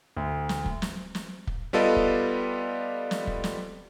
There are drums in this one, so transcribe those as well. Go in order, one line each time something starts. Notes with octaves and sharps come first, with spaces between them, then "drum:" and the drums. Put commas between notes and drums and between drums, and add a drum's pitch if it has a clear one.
D2
drum: snare
drum: kick
drum: snare
drum: snare
drum: kick
G3 B3 F4 A4 D5 D#5
drum: kick
drum: snare
drum: kick
drum: snare